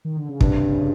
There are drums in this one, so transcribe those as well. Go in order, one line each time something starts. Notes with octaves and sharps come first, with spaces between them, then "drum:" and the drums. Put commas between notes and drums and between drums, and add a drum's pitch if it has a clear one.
D#3
D3
C#3
G2 C3, drum: kick
C#3